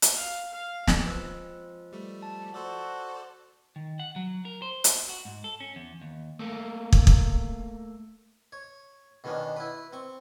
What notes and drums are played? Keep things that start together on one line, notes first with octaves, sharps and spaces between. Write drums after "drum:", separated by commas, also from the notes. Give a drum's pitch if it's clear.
drum: hi-hat
F5
F5
drum: snare
F3 G#3 C4 B4 E6
G3 A3
A5
F#4 A4 C5 D5 A5 E6
D#3
F#5
F#3
A#4
C5
drum: hi-hat
F#4
G#2
A4
C#4
E2
D#2
A3 A#3
drum: kick
drum: kick
C#5
B2 D#3 B3 C#4 D4
E4 B4
C4 C#6